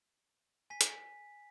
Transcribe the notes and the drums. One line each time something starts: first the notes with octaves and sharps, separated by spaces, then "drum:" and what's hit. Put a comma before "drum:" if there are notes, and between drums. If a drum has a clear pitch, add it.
G#5 B6
drum: hi-hat